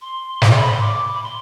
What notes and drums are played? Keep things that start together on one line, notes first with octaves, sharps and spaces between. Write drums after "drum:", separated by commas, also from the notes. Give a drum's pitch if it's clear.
C6
drum: snare
B5
C6
D6
B5
C6